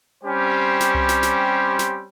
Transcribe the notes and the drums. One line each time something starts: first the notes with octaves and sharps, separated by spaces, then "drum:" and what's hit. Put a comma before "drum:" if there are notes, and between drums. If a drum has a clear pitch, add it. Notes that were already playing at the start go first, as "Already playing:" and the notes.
G3 C4 C#4 G4 C5
drum: snare
drum: tom C2
drum: snare
drum: snare
drum: snare